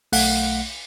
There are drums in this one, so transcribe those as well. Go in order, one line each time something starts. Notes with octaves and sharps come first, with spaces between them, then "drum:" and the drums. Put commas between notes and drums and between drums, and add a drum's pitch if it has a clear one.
B1 A3 F5 F#5 F#6, drum: open hi-hat